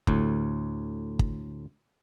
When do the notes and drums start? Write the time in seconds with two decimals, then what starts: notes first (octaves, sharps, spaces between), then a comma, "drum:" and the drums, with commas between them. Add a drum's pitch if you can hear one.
0.07 D2 A2, drum: kick
1.19 drum: kick